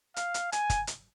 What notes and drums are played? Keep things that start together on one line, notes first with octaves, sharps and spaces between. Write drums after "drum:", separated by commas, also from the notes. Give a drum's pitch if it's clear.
F5, drum: hi-hat
drum: hi-hat
G#5, drum: hi-hat
drum: kick, hi-hat
drum: hi-hat